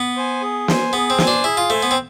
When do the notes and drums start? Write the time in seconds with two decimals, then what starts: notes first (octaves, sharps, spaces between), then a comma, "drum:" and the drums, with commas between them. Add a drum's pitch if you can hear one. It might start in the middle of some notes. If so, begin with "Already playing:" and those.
Already playing: B3
0.17 C5 G#5
0.42 G#4
0.68 C5 G#5, drum: snare
0.93 B3 G#4
1.10 C4
1.18 C5 G#5, drum: snare
1.27 D4
1.44 E4 G#4
1.57 F4
1.70 A3 C5 G#5
1.83 B3
1.91 C4